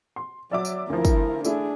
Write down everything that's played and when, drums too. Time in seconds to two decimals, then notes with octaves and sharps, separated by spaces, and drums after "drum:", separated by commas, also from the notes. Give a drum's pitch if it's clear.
0.16 C6
0.51 F#3 D5 E5 D6
0.65 drum: tambourine
0.90 D2 F3 E4 A#4
1.05 drum: kick, tambourine
1.45 A3 D4 E4 G#4, drum: tambourine